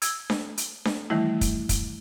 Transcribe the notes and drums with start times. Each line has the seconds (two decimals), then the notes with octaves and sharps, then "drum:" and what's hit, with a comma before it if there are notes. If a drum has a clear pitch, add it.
0.02 E6 G#6, drum: hi-hat
0.30 drum: snare D4
0.57 drum: hi-hat
0.85 drum: snare D4
1.10 D#3 E3 G3 A3 E4
1.41 drum: kick, hi-hat
1.69 drum: kick, hi-hat